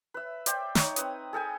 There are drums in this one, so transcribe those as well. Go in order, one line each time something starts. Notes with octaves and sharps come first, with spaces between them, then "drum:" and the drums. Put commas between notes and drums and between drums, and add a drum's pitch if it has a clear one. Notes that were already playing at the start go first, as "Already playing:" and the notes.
B4 E5
C5 D5 E5 G5, drum: hi-hat
D#4 C#5, drum: snare
C4 B4 D#6, drum: hi-hat
G#4 A4 G5 G#5